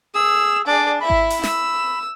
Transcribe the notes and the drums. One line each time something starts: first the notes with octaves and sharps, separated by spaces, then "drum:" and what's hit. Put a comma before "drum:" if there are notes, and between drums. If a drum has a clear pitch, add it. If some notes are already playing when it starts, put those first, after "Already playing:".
G#4 E6
D4 G#4 D5
E4 E5 B5
drum: kick G#1
drum: open hi-hat
E6, drum: snare